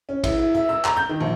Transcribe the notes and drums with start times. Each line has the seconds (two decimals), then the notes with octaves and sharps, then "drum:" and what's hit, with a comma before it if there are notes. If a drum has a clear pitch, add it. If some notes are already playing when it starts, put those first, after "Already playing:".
0.09 C#4
0.24 E4, drum: kick, cymbal
0.39 E4
0.55 E5
0.69 E6
0.85 A#5, drum: clap
0.97 G6
1.09 D#3
1.20 A#1